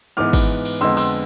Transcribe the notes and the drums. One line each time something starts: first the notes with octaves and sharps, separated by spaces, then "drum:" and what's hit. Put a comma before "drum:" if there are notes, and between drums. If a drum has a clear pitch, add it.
G#2 E3 B3 D6 F6
drum: kick G#1, cymbal
drum: cymbal
F2 D3 G#3 B3 C6 E6
C6 E6, drum: cymbal